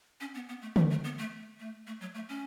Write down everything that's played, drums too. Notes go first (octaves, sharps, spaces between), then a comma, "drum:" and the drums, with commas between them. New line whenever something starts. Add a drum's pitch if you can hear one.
C#4
B3
B3
A3
A3, drum: tom D3
A3
B3
A3
A3
A3
F#3
A3
C#4